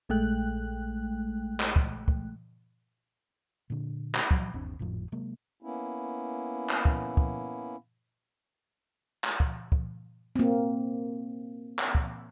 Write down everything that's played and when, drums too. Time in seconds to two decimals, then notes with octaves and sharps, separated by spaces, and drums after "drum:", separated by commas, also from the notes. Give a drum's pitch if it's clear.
0.09 A#1 G#3 A3 G5 F#6
1.60 drum: clap
1.76 drum: kick
2.08 drum: kick
3.70 A#2 D3
4.15 drum: clap
4.31 F#3, drum: kick
4.54 G1 D#2 C4 D4
4.79 G#1 F2 A2 F3
5.12 C3 F#3 G#3 A#3
5.62 A#3 B3 C#4 E4
6.69 drum: clap
6.85 drum: kick
7.17 drum: kick
9.24 drum: clap
9.40 drum: kick
9.72 drum: kick
10.36 A#3 C4
11.79 drum: clap
11.95 drum: kick